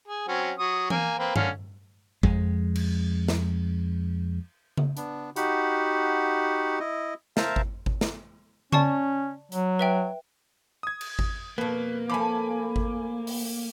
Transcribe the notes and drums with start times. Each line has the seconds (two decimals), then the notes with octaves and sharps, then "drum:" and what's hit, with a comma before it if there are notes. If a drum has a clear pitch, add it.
0.08 G#4
0.28 F#3 C4 C#4
0.59 F#3 C#6 D#6
0.90 A#3 G#5, drum: tom E3
1.19 A#3 C4 B4
1.36 D3 C#4 F5, drum: tom G2
2.23 F2 G#3, drum: kick G#1
2.76 drum: cymbal
3.28 drum: snare
4.77 drum: tom C#3
4.97 B3 D4, drum: hi-hat
5.36 D#4 F#4 G4 F#5 B5, drum: hi-hat
6.79 E4 D#5
7.37 A#4 C5 E5 F5 A5 A#5, drum: snare
7.56 drum: kick G#1
7.86 drum: kick G#1
8.01 drum: snare
8.72 C#4 D5 A5 C#6, drum: tom C#3
9.52 F#3, drum: hi-hat
9.79 B4 E5 G5
10.83 D#6 G#6
11.01 drum: cymbal
11.19 drum: kick G#1
11.58 F2 B2 A#3 B4
12.10 F3 A3 G#5 B5 D6
12.76 drum: kick G#1
13.27 drum: open hi-hat